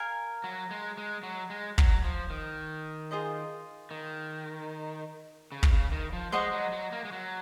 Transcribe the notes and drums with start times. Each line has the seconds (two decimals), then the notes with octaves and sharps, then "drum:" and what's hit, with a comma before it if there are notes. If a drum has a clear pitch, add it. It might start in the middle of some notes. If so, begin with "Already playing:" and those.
Already playing: A#4 F5 G#5
0.44 F#3
0.71 G#3
0.98 G#3
1.23 F#3
1.50 G#3
1.78 F#3, drum: kick
2.04 F3
2.30 D#3
3.11 F4 G#4 C5 D#5
3.91 D#3
5.52 C#3
5.63 drum: kick
5.73 C#3
5.92 D#3
6.13 F3
6.32 G#3 C5 D#5 F#5 C#6
6.52 F#3
6.72 F#3
6.92 A#3
7.05 G#3
7.13 F#3